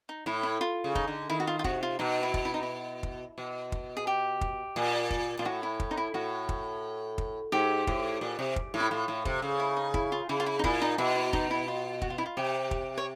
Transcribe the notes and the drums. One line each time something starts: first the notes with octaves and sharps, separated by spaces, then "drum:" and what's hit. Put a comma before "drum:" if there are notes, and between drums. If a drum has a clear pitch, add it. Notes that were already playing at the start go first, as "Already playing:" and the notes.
D#4
A2 E4
E4
F4
C#3
D#4, drum: kick
D3
D#3 E4
F#4
F4
F4
C3 F#4, drum: kick
F4
B2 D#4
E4
drum: kick
E4
D#4
E4
drum: kick
B2
drum: kick
G#4
G4
drum: kick
A#2
drum: kick
A#2 F4
A2 F#4
E4
drum: kick
D#4
E4
A2 F#4
drum: kick
drum: kick
G#2 G4
A2, drum: kick
A#2
C3
drum: kick
A2
E4
A2 F4
A2
C3, drum: kick
C#3
E4
D#4
E4, drum: kick
F4
C#3 E4
F4
E4
D#4
A#2 E4, drum: kick
D#4
B2 E4
E4
D#4, drum: kick
E4
F4
F#4, drum: kick
F4
E4
F4
C3 G4
drum: kick
C#5